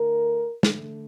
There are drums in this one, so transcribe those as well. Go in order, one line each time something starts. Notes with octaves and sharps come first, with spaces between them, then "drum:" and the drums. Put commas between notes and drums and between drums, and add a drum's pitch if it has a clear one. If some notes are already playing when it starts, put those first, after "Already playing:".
Already playing: D3 A3 A#4
D3 A3, drum: snare